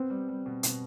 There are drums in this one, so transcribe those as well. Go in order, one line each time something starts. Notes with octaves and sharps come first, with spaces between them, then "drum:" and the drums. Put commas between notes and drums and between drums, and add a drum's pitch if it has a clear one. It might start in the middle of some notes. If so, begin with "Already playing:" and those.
Already playing: B3 C4
G3
G3
B2
B2, drum: hi-hat